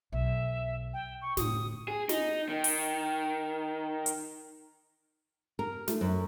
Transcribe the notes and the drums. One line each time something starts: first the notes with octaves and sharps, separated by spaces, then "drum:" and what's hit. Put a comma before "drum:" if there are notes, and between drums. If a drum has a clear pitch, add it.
B1 E5
G5
C#6
A2 D3 D#6, drum: snare
G#4
D#4, drum: snare
D#3
drum: open hi-hat
drum: hi-hat
A#4
A3, drum: snare
F#2